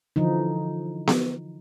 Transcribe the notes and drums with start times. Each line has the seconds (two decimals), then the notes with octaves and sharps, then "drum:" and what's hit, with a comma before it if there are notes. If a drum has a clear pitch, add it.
0.16 D3 E3 F3 D#4
1.07 drum: snare B3